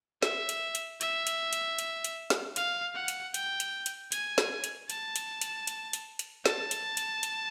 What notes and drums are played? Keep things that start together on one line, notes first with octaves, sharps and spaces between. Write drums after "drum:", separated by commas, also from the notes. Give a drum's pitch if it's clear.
E5, drum: snare
drum: hi-hat
drum: hi-hat
E5, drum: hi-hat
drum: hi-hat
drum: hi-hat
drum: hi-hat
drum: hi-hat
drum: snare
F5, drum: hi-hat
F#5
drum: hi-hat
G5, drum: hi-hat
drum: hi-hat
drum: hi-hat
G#5, drum: hi-hat
drum: snare
drum: hi-hat
A5, drum: hi-hat
drum: hi-hat
drum: hi-hat
drum: hi-hat
drum: hi-hat
drum: hi-hat
A5, drum: snare
drum: hi-hat
drum: hi-hat
drum: hi-hat